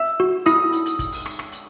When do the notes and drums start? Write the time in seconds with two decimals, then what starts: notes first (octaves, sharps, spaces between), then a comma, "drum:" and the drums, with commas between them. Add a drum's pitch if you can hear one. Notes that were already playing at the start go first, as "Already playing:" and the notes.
Already playing: E5 E6
0.20 F#4
0.46 E4 D#6, drum: hi-hat
0.72 drum: hi-hat
0.86 drum: hi-hat
0.99 drum: kick, hi-hat
1.12 drum: open hi-hat
1.26 drum: rim click
1.39 drum: rim click
1.52 drum: hi-hat